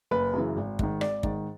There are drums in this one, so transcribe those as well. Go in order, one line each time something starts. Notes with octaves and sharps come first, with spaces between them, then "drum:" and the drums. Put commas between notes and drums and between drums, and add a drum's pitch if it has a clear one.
F#1 B4
F#2 C#3 E3
G#1
G#2 D#3, drum: kick
G#1 D5, drum: rim click
G#2 D#3, drum: kick